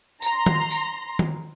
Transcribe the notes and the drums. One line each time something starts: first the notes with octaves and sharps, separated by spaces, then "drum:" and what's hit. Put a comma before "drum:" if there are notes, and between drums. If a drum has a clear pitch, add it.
A#5 C6, drum: tambourine
drum: tom
drum: tambourine
drum: tom